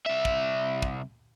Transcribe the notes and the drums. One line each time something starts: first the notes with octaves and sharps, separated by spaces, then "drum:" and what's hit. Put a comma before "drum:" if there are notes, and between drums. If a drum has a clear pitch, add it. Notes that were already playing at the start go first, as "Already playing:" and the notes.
C2 E5
drum: kick
drum: kick